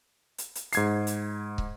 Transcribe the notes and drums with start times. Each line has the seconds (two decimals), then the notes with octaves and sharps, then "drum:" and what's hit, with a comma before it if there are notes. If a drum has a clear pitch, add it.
0.38 drum: hi-hat
0.55 drum: hi-hat
0.73 G#2 G#6 C7, drum: hi-hat
1.07 drum: hi-hat
1.58 drum: kick